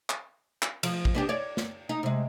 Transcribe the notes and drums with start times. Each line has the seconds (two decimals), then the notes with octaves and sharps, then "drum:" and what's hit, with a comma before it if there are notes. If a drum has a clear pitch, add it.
0.10 drum: clap
0.62 drum: clap
0.83 F3, drum: cymbal
1.05 drum: kick
1.15 B3 D4 G4
1.29 C#5 D5
1.57 drum: snare
1.89 D#4
2.03 C3 G#3